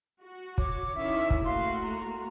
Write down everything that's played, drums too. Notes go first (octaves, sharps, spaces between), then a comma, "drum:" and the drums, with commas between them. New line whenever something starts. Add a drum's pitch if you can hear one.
F#4
C#5 D6, drum: kick
D#3 C#4 E4 E5
drum: kick
A3 A#3 F#4 F5 C6
A#5